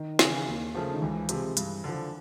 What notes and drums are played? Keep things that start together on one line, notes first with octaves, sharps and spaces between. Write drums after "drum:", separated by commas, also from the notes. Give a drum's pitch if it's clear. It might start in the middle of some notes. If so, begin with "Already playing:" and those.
Already playing: D#3
C#3 E3, drum: snare
D#2
C#3 F3 A3
D#3
C#2 E3
C3 F3 G#3, drum: hi-hat
G2, drum: hi-hat
D3 F3